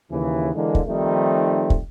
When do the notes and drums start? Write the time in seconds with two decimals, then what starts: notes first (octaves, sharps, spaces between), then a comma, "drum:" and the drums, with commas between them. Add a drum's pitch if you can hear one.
0.11 D#2 C#3 E3
0.54 D3 E3 G#3 A#3
0.75 drum: kick
0.87 D#3 F3 G3 A3 C4 D#4
1.70 drum: kick